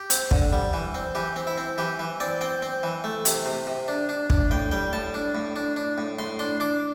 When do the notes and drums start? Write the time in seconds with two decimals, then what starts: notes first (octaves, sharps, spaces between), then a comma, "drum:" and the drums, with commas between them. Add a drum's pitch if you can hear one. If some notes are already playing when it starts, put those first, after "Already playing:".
Already playing: G4
0.10 C4, drum: hi-hat
0.31 D3, drum: kick
0.52 G3
0.73 E3
0.94 C4
1.15 E3 G4
1.36 C4
1.47 E4
1.58 C4
1.78 E3 G4
1.99 E3
2.20 C4 D5
2.41 C4 G5
2.62 C4
2.83 E3
3.04 A3
3.25 C3, drum: hi-hat
3.46 C3
3.67 C3
3.88 D4
4.09 D4
4.30 D4, drum: kick
4.51 A2 G5
4.71 G3 G5
4.93 A2 A5
5.14 D4
5.35 A2
5.56 D4
5.76 D4
5.98 A2
6.19 A2 C6
6.39 D4 C6
6.60 D4 D6